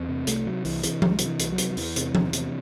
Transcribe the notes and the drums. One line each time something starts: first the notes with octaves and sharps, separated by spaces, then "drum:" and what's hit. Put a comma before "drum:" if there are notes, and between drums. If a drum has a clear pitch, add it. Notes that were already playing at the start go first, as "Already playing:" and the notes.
Already playing: E2 C4
C3
C2 A3, drum: hi-hat
C3 F#3
C2 E3, drum: open hi-hat
C3 E3, drum: hi-hat
C2 D#3, drum: tom F3
G#3
C3 F#3, drum: hi-hat
E3
C2, drum: hi-hat
F#3
C3, drum: hi-hat
F#3
E2 E3, drum: open hi-hat
C3, drum: hi-hat
E2, drum: tom F3
C3, drum: hi-hat